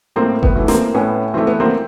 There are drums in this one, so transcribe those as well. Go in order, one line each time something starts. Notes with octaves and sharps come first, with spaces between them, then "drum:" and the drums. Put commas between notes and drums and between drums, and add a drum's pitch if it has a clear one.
A2 A#3 C4
B3, drum: kick F#1
E3 A3
A#3 C4, drum: snare
A2 B3 C#4
E3 A3 C4
B3
A#3 C4